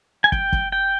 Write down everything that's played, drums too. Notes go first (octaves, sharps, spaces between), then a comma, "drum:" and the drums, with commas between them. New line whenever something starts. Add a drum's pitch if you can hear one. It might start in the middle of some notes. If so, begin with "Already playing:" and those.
G#5
G5, drum: kick
drum: kick
G5